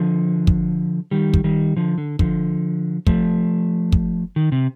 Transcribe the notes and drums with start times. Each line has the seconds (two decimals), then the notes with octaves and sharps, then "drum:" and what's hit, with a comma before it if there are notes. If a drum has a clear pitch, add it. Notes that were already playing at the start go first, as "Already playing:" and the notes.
Already playing: D3 F3
0.47 drum: kick
1.11 D#3 G3
1.34 drum: kick
1.44 D#3 G3
1.76 D3 F3
1.98 D3
2.19 D3 F3, drum: kick
3.07 F3 A3, drum: kick
3.92 drum: kick
4.36 D#3
4.52 C3